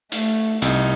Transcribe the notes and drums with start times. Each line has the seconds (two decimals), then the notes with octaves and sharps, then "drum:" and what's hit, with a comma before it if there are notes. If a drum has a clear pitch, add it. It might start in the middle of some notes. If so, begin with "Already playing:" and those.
0.12 A3, drum: hi-hat
0.62 C2 D#4, drum: hi-hat